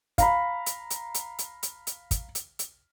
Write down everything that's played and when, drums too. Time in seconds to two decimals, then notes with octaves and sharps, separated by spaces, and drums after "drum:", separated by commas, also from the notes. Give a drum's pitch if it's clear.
0.18 F5 A#5 B5, drum: kick, hi-hat
0.66 drum: hi-hat
0.90 drum: hi-hat
1.14 drum: hi-hat
1.39 drum: hi-hat
1.63 drum: hi-hat
1.87 drum: hi-hat
2.11 drum: kick, hi-hat
2.35 drum: hi-hat
2.59 drum: hi-hat